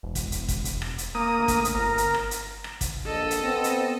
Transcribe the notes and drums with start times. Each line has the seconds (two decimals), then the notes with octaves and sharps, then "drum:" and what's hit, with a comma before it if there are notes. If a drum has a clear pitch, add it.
0.03 E1
0.15 drum: kick, hi-hat
0.32 drum: hi-hat
0.48 drum: kick, hi-hat
0.65 drum: hi-hat
0.82 drum: rim click
0.98 drum: hi-hat
1.15 A#3 D#6
1.38 D2
1.48 drum: kick, hi-hat
1.65 drum: hi-hat
1.75 G1 A#4
1.98 drum: hi-hat
2.14 drum: rim click
2.31 drum: hi-hat
2.64 drum: rim click
2.81 drum: kick, hi-hat
3.06 A#1 A4 D#5
3.31 drum: hi-hat
3.42 B3 C4
3.64 drum: hi-hat